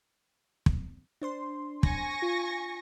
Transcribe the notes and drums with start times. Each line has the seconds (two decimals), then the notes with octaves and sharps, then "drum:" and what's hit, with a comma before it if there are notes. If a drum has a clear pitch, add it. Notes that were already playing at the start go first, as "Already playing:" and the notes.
0.66 drum: kick
1.22 D4 C5 C6
1.83 G#5 C#6 A#6, drum: kick
2.22 F4